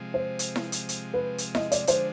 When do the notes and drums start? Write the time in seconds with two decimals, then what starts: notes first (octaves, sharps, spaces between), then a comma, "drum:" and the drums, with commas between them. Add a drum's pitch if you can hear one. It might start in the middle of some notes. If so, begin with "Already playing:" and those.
Already playing: C3 F3 G#3
0.14 C5
0.39 drum: hi-hat
0.56 drum: snare E4
0.72 drum: hi-hat
0.89 drum: hi-hat
1.14 B4
1.38 drum: hi-hat
1.55 D#5, drum: snare E4
1.72 D5, drum: hi-hat
1.87 D3 F3 G#3 C5, drum: hi-hat